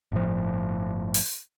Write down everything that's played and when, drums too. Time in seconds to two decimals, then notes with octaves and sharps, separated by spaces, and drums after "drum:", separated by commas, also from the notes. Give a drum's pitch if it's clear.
0.12 G1 A2 F3
1.14 drum: open hi-hat